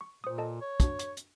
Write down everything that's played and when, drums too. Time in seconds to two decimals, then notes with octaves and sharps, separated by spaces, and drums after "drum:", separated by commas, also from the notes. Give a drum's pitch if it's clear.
0.01 C#6
0.24 A#2 C5 D#6
0.38 A4 D#5 A5
0.61 C#5
0.80 D4 F#4, drum: kick, hi-hat
0.99 C#6, drum: hi-hat
1.17 drum: hi-hat